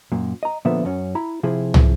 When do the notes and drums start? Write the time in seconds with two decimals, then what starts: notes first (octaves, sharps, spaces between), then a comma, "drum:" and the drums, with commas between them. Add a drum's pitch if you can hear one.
0.12 F#2 A#2
0.43 D#5 A#5
0.65 A#2 D3 F3 B3 E5
0.85 F#2 C#4
1.15 E4 A#5 B5
1.43 C3 F3 E4 G#4
1.74 drum: tom